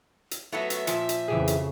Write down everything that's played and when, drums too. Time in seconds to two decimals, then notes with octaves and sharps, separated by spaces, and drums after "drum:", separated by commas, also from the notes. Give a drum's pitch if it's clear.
0.31 drum: hi-hat
0.52 F#3 A3 B3 E5
0.70 drum: hi-hat
0.87 A#2 F3, drum: hi-hat
1.09 drum: hi-hat
1.28 F2 C#3 E3 G4 G#4
1.48 drum: hi-hat